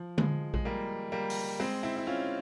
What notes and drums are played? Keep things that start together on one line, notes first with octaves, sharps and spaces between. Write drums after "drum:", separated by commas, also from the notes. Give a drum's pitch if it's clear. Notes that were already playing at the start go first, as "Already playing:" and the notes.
Already playing: F3
F3 G#3, drum: tom D3
G#3, drum: kick A#1
G3 A#3
G3 A#3
drum: open hi-hat
G#3 C4
C4 E4
E4
C#4 F4